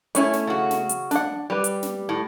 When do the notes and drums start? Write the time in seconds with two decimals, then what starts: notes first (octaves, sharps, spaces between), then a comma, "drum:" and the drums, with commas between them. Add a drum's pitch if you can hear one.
0.15 A3 C#4 E4, drum: hi-hat
0.33 drum: snare
0.47 C#3 F#4
0.71 drum: snare
0.89 drum: hi-hat
1.11 D4 F#5, drum: snare
1.50 G3 G4 B4
1.64 drum: hi-hat
1.83 drum: snare
2.09 A2